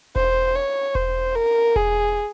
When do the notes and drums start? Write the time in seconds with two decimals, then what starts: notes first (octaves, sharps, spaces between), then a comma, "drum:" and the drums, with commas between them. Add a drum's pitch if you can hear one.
0.16 C5, drum: kick E1
0.55 C#5
0.95 C5, drum: kick E1
1.35 A#4
1.76 G#4, drum: kick E1